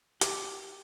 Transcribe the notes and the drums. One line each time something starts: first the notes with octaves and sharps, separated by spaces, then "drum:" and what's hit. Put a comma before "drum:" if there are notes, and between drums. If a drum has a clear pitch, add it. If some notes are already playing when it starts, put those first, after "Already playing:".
G4, drum: hi-hat